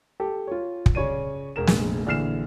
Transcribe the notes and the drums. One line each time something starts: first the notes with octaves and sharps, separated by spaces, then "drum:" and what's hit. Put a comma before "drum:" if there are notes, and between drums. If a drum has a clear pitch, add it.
G4 A4
F4 C#5
drum: kick
C#3 C#5 D5 D#7
E1 A#4 E7
F1 A#1 G#3, drum: snare
A#1 D3 E3 F6 C7 E7